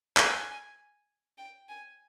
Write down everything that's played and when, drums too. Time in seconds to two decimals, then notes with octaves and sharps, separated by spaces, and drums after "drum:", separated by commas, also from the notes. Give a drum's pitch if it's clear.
0.17 G#5, drum: clap
1.38 G5
1.69 G#5